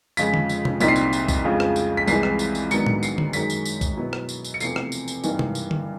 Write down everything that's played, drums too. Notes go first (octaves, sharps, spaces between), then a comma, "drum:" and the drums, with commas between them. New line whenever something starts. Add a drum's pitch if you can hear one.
F2 C#3 F3 G#3 B6, drum: tambourine
drum: tom D3
drum: tambourine
drum: tom C3
C2 A#2 G3 C4 D#4 B6, drum: tambourine
C7
B6, drum: tambourine
drum: tambourine
drum: kick B1, tambourine
F2 C#3 F3 G#3
drum: rim click
drum: tambourine
B6
C2 C3 E3 G#3 C7, drum: tambourine
drum: rim click
drum: tambourine
drum: tambourine
G#2 D#3 F#3 B3 D4 C#7, drum: tambourine
drum: tom A2
C7, drum: tambourine
drum: tom D3
F#2 D#3 G#3 B6, drum: tambourine
drum: tambourine
drum: tambourine
drum: kick B1, tambourine
B2 F#3 B3 E4
drum: rim click
drum: tambourine
drum: tambourine
C#7
E2 C3 F3 A3 C7, drum: tambourine
drum: rim click
drum: tambourine
drum: tambourine
G2 E3 G3 A#3 D#4, drum: tambourine
drum: tom C3
drum: tambourine
drum: tom D3